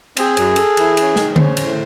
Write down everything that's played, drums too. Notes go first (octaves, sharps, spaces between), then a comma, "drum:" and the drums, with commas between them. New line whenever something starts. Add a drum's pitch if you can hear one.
C4 G#4, drum: cymbal
F#2, drum: cymbal
A4, drum: cymbal
E3, drum: cymbal
C#4, drum: cymbal
D#3, drum: snare
C#4 C5, drum: tom D3
A2, drum: cymbal